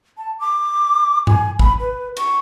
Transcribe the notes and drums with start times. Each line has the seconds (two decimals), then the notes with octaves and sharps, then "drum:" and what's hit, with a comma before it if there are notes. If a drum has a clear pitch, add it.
0.18 A5
0.40 D6
1.27 G#5, drum: tom G2
1.59 B5, drum: kick
1.80 B4
2.17 C#6, drum: cymbal